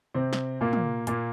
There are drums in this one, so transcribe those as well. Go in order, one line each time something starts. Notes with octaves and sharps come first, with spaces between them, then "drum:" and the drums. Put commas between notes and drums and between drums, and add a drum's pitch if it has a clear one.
C3 C4
drum: snare
A#2 A#3
drum: tom
A#2 A#3, drum: hi-hat